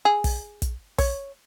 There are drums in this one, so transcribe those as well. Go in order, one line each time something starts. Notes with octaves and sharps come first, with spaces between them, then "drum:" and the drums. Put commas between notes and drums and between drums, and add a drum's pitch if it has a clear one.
G#4
drum: kick, open hi-hat
drum: kick, hi-hat
C#5, drum: kick, open hi-hat